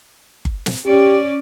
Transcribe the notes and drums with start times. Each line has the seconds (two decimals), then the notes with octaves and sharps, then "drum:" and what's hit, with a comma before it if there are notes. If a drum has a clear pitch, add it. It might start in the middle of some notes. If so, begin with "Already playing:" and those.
0.45 drum: kick G1
0.66 drum: snare
0.87 C#4 G4 D5